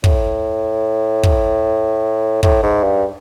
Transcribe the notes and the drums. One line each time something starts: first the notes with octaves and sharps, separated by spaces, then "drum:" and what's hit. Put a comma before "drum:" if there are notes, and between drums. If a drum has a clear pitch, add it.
A2, drum: kick
drum: kick
A2, drum: kick
G#2
G2